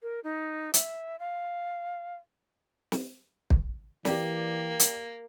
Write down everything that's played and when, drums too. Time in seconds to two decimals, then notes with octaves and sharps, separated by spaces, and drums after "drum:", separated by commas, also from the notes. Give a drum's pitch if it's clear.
0.03 A#4
0.24 D#4
0.74 E5, drum: hi-hat
1.19 F5
2.92 drum: snare
3.50 drum: kick
4.05 E3 A#3 G4 D5, drum: snare
4.80 drum: hi-hat